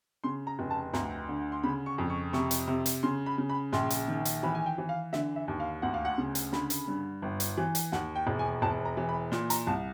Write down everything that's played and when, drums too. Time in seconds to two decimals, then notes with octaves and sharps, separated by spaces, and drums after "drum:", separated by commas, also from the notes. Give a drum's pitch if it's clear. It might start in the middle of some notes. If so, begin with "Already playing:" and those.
0.24 C#3 C6
0.47 A#5
0.59 F1
0.71 A5
0.93 D2 A#5, drum: snare
1.28 D3
1.52 C6
1.63 C#3 B5
1.86 C#6
1.98 F2
2.10 C#6
2.33 C3 C#6, drum: snare
2.51 drum: hi-hat
2.68 C3
2.86 drum: hi-hat
3.03 C#3 C6
3.26 B5
3.38 C#3
3.49 B5
3.73 A#1 C6, drum: snare
3.90 drum: hi-hat
4.08 D#3
4.25 drum: hi-hat
4.43 E3 B5
4.55 G#5
4.66 G5
4.78 E3
4.89 F5
5.13 D3 E5, drum: snare
5.36 E5
5.48 D#2
5.60 F5
5.82 D2 F#5
5.94 F5
6.05 F#5
6.18 C#3
6.35 drum: hi-hat
6.53 D3 B5, drum: snare
6.70 drum: hi-hat
6.88 G2
7.22 G1
7.40 drum: hi-hat
7.57 E3
7.75 drum: hi-hat
7.92 D#2 F#5, drum: snare
8.16 G5
8.27 E1
8.39 G#5
8.62 E1 A5
8.85 A#5
8.97 E3
9.09 B5
9.32 A#2, drum: snare
9.50 A#5, drum: hi-hat
9.67 C2 A5